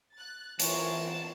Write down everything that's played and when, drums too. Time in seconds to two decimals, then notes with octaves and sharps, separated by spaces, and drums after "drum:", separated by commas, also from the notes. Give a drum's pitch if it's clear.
0.14 F#6 A6
0.60 E3 F4 G#4 A#4 C5 C#5 A5, drum: hi-hat